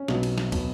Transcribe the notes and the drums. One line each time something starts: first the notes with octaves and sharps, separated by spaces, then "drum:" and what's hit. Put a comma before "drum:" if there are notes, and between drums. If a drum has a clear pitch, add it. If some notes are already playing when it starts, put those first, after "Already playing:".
Already playing: C#4
B1 B2 F#3, drum: snare
drum: cymbal
drum: snare
B2 F#3, drum: kick, cymbal